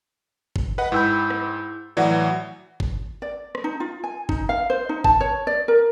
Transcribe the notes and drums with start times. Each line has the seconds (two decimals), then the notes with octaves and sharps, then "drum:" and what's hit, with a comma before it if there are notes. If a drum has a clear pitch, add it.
0.56 drum: kick
0.78 B4 D#5 F#5
0.92 G#2 E4 G5 B5 E6 G6
1.30 drum: rim click
1.97 A2 E3 F#3 D5 F#5
2.80 drum: kick
3.22 D5
3.55 drum: rim click
3.64 D#4
3.80 F4
4.04 G#5
4.29 D#4, drum: kick
4.49 F5
4.70 C5
4.89 D#4
5.04 A5, drum: kick
5.21 C#5
5.47 D5
5.68 A#4